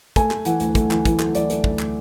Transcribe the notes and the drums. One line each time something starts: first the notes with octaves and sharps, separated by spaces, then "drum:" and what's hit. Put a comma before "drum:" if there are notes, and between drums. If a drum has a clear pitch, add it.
A3 G#5, drum: kick, hi-hat
A3, drum: clap
E3 F#5, drum: hi-hat
D2, drum: hi-hat
A3, drum: kick, hi-hat
E3, drum: clap
E3, drum: kick, hi-hat
A3, drum: clap
E3 D5, drum: hi-hat
A3, drum: hi-hat
D2, drum: kick
drum: clap